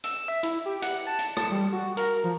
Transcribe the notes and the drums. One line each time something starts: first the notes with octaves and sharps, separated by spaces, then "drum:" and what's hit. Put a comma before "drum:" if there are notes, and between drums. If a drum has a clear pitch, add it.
E6, drum: hi-hat
E5
E4, drum: hi-hat
G4
F#5, drum: hi-hat
A5
drum: hi-hat
A5, drum: rim click
G3
F#4
A#4, drum: hi-hat
F3